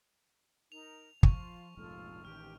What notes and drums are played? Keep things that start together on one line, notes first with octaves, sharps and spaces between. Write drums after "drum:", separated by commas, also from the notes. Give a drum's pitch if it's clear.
D#4 A#4 F7
F3 F4 C#6, drum: kick
F1 A#1 G#2 F4 A4 F6
A1 D#3 G4 G5 F6